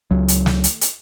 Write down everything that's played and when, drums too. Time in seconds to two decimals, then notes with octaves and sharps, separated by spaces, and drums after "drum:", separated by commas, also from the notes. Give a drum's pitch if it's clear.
0.11 C#2 F#3
0.28 drum: hi-hat
0.46 drum: snare
0.64 drum: hi-hat
0.81 drum: hi-hat